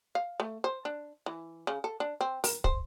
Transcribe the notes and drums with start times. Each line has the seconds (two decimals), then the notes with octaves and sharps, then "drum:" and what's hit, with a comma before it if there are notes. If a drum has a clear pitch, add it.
0.15 F5
0.40 A3
0.64 C5
0.85 D4
1.26 E3
1.67 C#3
1.84 A4
2.00 D4
2.21 C4
2.44 A#4, drum: open hi-hat
2.64 C5, drum: kick